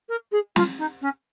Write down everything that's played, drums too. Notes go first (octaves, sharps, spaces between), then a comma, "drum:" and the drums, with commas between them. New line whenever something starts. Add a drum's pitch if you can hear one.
A#4
G#4
F4, drum: snare
D#4
C#4